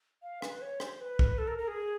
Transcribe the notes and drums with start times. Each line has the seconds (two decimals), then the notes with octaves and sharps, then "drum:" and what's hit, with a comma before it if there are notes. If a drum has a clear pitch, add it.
0.23 F5
0.42 B4, drum: rim click
0.62 C#5
0.80 C5, drum: rim click
1.00 B4
1.19 drum: kick
1.38 A4
1.48 A#4
1.58 A#4
1.68 G#4